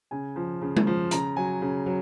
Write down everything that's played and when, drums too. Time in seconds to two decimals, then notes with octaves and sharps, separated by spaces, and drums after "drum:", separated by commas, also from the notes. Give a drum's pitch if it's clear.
0.11 C#3 G#5
0.36 F3
0.62 C#3
0.77 drum: tom G#3
0.87 F3
1.11 C#3 A#5, drum: hi-hat
1.37 F#3 G#5
1.61 C#3
1.86 F#3